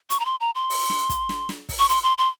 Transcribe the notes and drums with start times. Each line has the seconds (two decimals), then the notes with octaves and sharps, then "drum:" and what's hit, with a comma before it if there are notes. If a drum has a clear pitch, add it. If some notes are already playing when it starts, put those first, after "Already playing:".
0.10 C#6, drum: hi-hat
0.20 A#5
0.25 C6
0.40 A#5
0.55 C6
0.70 drum: open hi-hat
0.90 drum: snare
1.09 drum: kick, hi-hat
1.29 drum: snare
1.49 drum: snare
1.69 drum: kick, open hi-hat
1.79 C#6
1.89 C6, drum: hi-hat
2.03 C6
2.18 C6